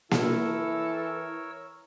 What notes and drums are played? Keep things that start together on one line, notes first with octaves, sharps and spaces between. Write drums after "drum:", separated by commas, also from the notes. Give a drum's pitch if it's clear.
E3 E4 A4 A#4 C#5 E6, drum: snare A#3